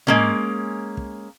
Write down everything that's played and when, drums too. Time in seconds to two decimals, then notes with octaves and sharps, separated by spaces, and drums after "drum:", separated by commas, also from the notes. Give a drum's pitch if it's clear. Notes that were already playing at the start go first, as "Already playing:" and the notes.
0.07 G#3 A#3 C#4, drum: tom
0.97 drum: kick